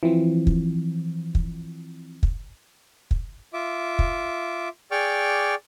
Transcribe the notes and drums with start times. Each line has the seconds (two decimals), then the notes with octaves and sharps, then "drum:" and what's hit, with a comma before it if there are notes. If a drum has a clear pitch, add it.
0.03 E3 F3 C4
0.47 drum: kick
1.35 drum: kick
2.23 drum: kick
3.11 drum: kick
3.53 F4 E5 D6
3.99 drum: kick
4.91 G#4 D5 G5 C#6 D6 F6